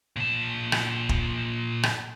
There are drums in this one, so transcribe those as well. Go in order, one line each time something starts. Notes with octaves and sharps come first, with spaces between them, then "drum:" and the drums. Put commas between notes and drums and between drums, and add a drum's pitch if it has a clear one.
A#2 A5
drum: rim click
drum: kick
drum: rim click